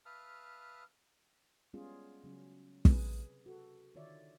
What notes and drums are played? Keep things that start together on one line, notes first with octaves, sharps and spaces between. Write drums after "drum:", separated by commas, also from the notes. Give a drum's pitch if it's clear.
B4 E5 F5 A5 D#6 F6
G3 G#3 B3 C#4 F4 G#4
C#3 F#3 C#4
C3 G#4 B4, drum: kick
F#4 A4
D3 D#3 F4 C#5 D5 E5